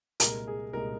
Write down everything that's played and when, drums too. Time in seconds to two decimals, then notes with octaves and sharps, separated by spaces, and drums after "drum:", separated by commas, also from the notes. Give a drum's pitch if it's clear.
0.20 C2 A#2 G#3 A#4, drum: hi-hat
0.47 G#4
0.73 C2 A#2 G#3 A#4